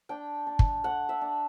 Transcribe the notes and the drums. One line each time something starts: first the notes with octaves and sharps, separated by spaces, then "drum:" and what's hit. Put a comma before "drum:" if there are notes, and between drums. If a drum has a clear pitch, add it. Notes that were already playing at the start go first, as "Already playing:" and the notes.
D4 G5
D4
drum: kick
A3 F#5
E5
D4